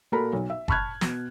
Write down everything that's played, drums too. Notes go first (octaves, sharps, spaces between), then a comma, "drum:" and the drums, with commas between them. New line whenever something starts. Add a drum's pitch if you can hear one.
A#2 F#4 A4 A#4 A#5 B5
B1
E5
A5 B5 C#6 F6 F#6 G#6, drum: kick F#1
B2, drum: snare